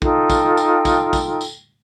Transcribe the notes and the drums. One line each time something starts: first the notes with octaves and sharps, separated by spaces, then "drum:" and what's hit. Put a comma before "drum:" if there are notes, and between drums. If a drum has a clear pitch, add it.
D#4 F4 A4 G5, drum: kick
drum: kick, tambourine
drum: tambourine
drum: kick, tambourine
drum: kick, tambourine
drum: tambourine